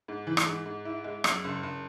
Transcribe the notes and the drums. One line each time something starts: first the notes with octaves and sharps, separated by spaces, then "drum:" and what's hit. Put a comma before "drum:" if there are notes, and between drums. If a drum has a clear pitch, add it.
G#2
E3
drum: rim click
G#2
G#2
E4
G#3
F#2, drum: rim click
F#1
F#1